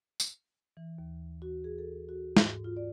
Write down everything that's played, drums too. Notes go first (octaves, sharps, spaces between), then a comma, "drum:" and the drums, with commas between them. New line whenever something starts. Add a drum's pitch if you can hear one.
drum: tambourine
E3
D#2
F#4
G#4
A4
F#4
G#2, drum: snare
F4
D5